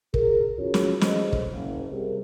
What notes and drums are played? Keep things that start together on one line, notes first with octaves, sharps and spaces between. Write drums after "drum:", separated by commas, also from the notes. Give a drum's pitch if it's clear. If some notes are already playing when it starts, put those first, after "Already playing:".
G#4 A#4, drum: kick
E3 C#4 F4 F#4 G#4 C#5
drum: snare
E3 G#4 A4 C5 D#5, drum: snare
drum: kick
F#1
C3 G3 G4 G#4 A#4